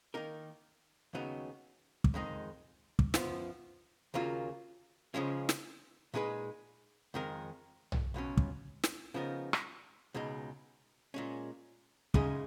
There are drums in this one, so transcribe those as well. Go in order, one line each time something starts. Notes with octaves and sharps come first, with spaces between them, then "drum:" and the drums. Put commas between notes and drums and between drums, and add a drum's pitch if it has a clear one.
D#3 A#3 D#4 A#4
D#2 C#3 F#3 B3 D#4
drum: kick
F2 D#3 G#3 D#4
drum: kick
F#2 F3 B3, drum: snare
D#2 C#3 F#3 A#3 F4
C#2 C#3 F3 G#3 C#4
drum: snare
A#2 G#3 D#4 G#4 B4
F2 D#3 G#3 D#4 A#4
drum: tom B1
C#2 B2 F#3 C#4
drum: kick
drum: snare
C#3 F3 B3 D#4 A#4
drum: rim click
C#2 B2 G#3 D#4
A#2 G#3 C#4
F#2 C#3 G#3 D#4 G#4, drum: kick